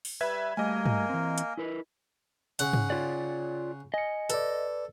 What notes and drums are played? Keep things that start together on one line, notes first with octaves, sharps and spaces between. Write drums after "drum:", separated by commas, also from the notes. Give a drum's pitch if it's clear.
drum: open hi-hat
G3 B4 E5 G#6
G3 A3 A#3 A#4 D#5 G#5
drum: tom
E3 C4
drum: hi-hat
E4 A#4 B4
C#3 F#5, drum: hi-hat
drum: tom
F4 C#5 D5
D#5 G#5 C#7
A4 B4 D5, drum: hi-hat